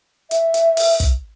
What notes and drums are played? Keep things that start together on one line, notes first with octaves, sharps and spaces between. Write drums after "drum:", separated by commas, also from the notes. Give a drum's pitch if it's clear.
E5, drum: hi-hat
drum: hi-hat
drum: open hi-hat
drum: kick, hi-hat